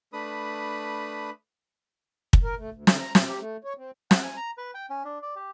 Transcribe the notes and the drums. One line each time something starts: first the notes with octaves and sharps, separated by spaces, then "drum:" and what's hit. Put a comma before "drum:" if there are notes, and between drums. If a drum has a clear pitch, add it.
A3 D4 B4 B5 D#6
drum: kick
A#4
A3
D2
D3, drum: snare
A#5
B2, drum: snare
G4
A3
C#5
C4
F#5, drum: snare
G#5
A#5
B4
G5
C#4
D4
D5
G4